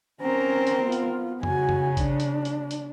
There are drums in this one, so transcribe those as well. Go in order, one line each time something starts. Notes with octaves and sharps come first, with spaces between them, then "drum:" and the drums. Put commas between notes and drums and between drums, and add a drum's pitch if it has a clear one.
C4 C#4 A#4 A#5
drum: hi-hat
B3 F4
drum: hi-hat
C#3 F#4 G#5, drum: tom F2
drum: tom F2
D4, drum: kick, hi-hat
drum: hi-hat
drum: hi-hat
drum: hi-hat